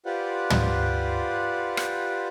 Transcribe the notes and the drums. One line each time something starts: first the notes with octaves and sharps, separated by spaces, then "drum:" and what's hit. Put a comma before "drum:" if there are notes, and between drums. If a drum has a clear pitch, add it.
F4 G4 B4 C5 D5 F#5
drum: tom
drum: rim click